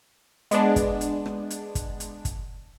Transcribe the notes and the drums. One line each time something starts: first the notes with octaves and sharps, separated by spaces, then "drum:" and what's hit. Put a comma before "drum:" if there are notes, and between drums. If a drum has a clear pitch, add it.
G#3 B3 D4, drum: hi-hat
drum: kick, hi-hat
drum: hi-hat
drum: rim click
drum: hi-hat
drum: kick, hi-hat
drum: hi-hat
drum: kick, hi-hat